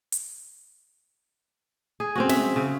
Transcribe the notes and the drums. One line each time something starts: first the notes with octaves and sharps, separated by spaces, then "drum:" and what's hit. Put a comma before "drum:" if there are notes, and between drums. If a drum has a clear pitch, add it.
drum: hi-hat
G#4
C4 C#4 F#4
E5, drum: snare
C#3